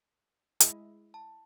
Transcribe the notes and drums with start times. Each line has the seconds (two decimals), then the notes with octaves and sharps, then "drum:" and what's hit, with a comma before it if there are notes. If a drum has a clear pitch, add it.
0.60 G#3 E4 D#5, drum: hi-hat
1.14 A5